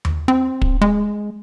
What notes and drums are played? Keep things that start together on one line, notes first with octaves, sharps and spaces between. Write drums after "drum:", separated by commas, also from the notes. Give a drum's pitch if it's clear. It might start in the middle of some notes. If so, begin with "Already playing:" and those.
drum: tom D#2
C4
drum: kick
G#3